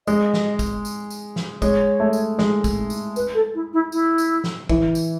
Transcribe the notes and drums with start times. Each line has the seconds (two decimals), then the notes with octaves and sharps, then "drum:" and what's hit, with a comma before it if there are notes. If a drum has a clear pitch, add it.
0.07 G#3 D#5, drum: tambourine
0.34 drum: snare
0.59 drum: kick, tambourine
0.85 drum: tambourine
1.10 drum: tambourine
1.36 drum: snare
1.62 G#3 C#5, drum: kick, tambourine
2.00 A3
2.13 drum: tambourine
2.39 G#3, drum: snare
2.64 drum: kick, tambourine
2.90 drum: tambourine
3.16 B4, drum: tambourine
3.34 A4
3.55 E4
3.73 E4
3.92 E4, drum: tambourine
4.18 drum: tambourine
4.44 drum: snare
4.69 E3, drum: kick
4.95 drum: tambourine